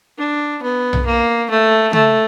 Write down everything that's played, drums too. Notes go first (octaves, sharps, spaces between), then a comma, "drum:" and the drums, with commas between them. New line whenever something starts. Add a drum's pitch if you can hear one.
D4
B3
drum: tom B1
A#3
A3
A3, drum: tom C#3